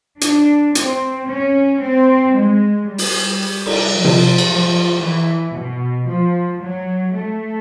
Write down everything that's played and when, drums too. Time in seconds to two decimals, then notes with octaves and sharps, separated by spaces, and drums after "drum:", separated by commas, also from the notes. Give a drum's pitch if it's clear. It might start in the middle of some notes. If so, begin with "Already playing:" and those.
0.21 D4, drum: hi-hat
0.75 C4, drum: hi-hat
1.29 C#4
1.81 C4
2.35 G#3
2.88 G3
2.98 drum: open hi-hat
3.66 drum: cymbal
3.95 F3
4.05 drum: tom C3
4.38 drum: cymbal
4.48 F3
5.01 E3
5.55 B2
6.08 F3
6.62 F#3
7.14 A3